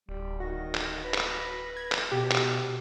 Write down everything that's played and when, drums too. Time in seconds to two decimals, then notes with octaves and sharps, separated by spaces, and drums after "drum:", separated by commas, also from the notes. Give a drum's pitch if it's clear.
0.09 D1 G3
0.40 D#3 F#4 A#6
0.75 drum: clap
1.03 B4
1.14 drum: clap
1.77 G#6
1.92 drum: clap
2.12 B2 G4
2.31 drum: clap